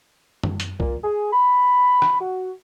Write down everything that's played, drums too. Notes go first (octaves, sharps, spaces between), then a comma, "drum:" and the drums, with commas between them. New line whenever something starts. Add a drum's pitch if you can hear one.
drum: tom F#2
drum: hi-hat
A#2, drum: kick
G#4
B5
drum: rim click
F#4